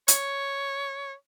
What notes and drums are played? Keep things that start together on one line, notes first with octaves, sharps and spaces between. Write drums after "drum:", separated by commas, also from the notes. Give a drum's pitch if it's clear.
C#5, drum: hi-hat